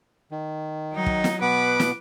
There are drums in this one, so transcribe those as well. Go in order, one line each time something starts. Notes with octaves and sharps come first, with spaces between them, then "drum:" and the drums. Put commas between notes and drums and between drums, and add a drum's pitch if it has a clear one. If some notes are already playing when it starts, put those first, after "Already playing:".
D#3
F#3 D#4
drum: kick
drum: snare
B2 B3 B4 F#5 D6
drum: snare